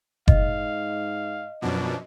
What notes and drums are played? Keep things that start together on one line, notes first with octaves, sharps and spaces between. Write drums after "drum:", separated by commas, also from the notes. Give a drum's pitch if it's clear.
G#2 D#5 F5, drum: kick F#1
F#2 B2 F3 D4